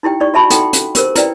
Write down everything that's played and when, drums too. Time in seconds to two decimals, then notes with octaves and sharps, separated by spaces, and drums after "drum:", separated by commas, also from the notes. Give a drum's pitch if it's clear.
0.03 D#4 E4 G4 G5
0.20 D#4 D5 C#6
0.34 F#4 E5 A5 B5 C#6
0.50 D#4 A4 F#5 G5 C6, drum: hi-hat
0.73 drum: hi-hat
0.95 G4 A#4 C5, drum: hi-hat
1.16 E4 B4 D5 G5, drum: hi-hat